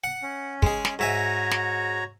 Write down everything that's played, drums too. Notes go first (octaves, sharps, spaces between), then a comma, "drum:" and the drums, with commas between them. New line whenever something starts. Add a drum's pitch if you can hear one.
F#5
C#4
G#3 G#4, drum: kick
drum: snare
G#2 F#4 C#5 E5 G#5 A#5
drum: snare